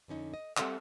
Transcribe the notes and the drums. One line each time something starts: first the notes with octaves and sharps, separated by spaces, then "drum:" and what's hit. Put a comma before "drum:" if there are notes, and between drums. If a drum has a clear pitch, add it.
F2 D3 C#4 D#4
D#5
G3 C4 A4 D5 E5 F#5, drum: clap